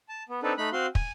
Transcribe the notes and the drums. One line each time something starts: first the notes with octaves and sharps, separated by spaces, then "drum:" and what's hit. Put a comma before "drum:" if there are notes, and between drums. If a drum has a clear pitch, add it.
A5
B3
C4 D4 D#4 A4 B4
A3 D#4 B5 F#6
C4 F#4 F5 C6
G#5, drum: kick